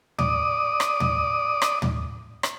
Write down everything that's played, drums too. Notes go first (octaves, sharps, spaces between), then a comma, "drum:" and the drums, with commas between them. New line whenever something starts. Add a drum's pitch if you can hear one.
D5 D#6, drum: tom
drum: rim click
drum: tom
drum: rim click
drum: tom
drum: rim click